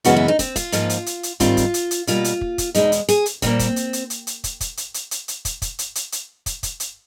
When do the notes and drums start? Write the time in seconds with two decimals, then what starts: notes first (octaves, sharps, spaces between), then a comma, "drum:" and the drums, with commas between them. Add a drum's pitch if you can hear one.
0.04 F#2 C#3 E3 G#3 B3 F#4, drum: hi-hat
0.16 E4
0.28 D#4
0.39 C4, drum: kick, hi-hat
0.56 F4, drum: kick, hi-hat
0.72 G#2 F3 A#3, drum: hi-hat
0.90 drum: hi-hat
1.06 drum: hi-hat
1.23 drum: hi-hat
1.40 G#2 D#3 G3 C4 F4, drum: kick, hi-hat
1.57 drum: kick, hi-hat
1.74 drum: hi-hat
1.91 drum: hi-hat
2.07 B2 G3 A#3 F4, drum: hi-hat
2.24 drum: hi-hat
2.41 drum: kick
2.58 drum: kick, hi-hat
2.75 E2 B2 G#3 D#4, drum: hi-hat
2.92 drum: hi-hat
3.09 G#4, drum: hi-hat
3.26 drum: hi-hat
3.42 A#2 G3 A#3 C4, drum: kick, hi-hat
3.59 drum: kick, hi-hat
3.76 drum: hi-hat
3.93 drum: hi-hat
4.10 drum: hi-hat
4.27 drum: hi-hat
4.44 drum: kick, hi-hat
4.61 drum: kick, hi-hat
4.77 drum: hi-hat
4.94 drum: hi-hat
5.11 drum: hi-hat
5.28 drum: hi-hat
5.45 drum: kick, hi-hat
5.62 drum: kick, hi-hat
5.79 drum: hi-hat
5.95 drum: hi-hat
6.12 drum: hi-hat
6.46 drum: kick, hi-hat
6.63 drum: kick, hi-hat
6.80 drum: hi-hat